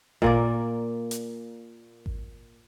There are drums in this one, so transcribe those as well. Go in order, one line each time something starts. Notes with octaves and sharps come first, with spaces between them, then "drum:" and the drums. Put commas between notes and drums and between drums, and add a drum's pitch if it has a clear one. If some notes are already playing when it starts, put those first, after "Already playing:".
A#2 A#3 D5, drum: kick G#1
drum: hi-hat
drum: kick G#1